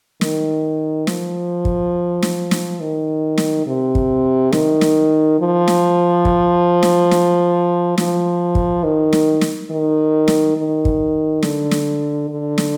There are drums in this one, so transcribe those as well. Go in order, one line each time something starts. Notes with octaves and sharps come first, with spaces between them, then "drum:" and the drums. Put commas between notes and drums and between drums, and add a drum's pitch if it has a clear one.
D#3, drum: snare
F3, drum: snare
drum: kick
drum: snare
drum: snare
D#3
drum: snare
C3
drum: kick
D#3, drum: snare
drum: snare
F3
drum: snare
drum: kick
drum: snare
drum: snare
F3, drum: snare
drum: kick
D#3
drum: snare
drum: snare
D#3
drum: snare
D#3
drum: kick
D3, drum: snare
drum: snare
D3
drum: snare